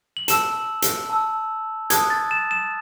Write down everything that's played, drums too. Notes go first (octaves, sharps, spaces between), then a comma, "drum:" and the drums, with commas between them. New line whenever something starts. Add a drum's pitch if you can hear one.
F#7
A5 E6 E7, drum: hi-hat
drum: hi-hat
A5 E6
A5 D#6 F#6 G#6, drum: hi-hat
A6
E7
E7